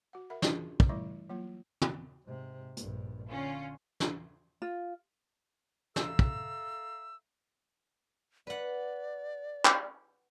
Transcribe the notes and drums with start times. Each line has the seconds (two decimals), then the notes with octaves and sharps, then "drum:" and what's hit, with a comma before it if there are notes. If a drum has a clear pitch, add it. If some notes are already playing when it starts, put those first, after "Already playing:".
0.13 F#4 F#5
0.30 A#4 E5 F#5 B5
0.42 C#4 D4 F4 F#4 G#4, drum: snare
0.80 drum: kick
0.89 E3 G3 A3 E4 D#5 D6
1.29 F#3 A#3 F4 C#5
1.82 drum: tom
2.25 G#2 C3
2.77 A#1 G2, drum: hi-hat
3.29 D3 C#4 F4
4.00 drum: snare
4.62 F4
5.96 A4 E5 F5 A#5 E6, drum: snare
6.19 drum: kick
8.47 B4 D5 F#5
9.65 drum: clap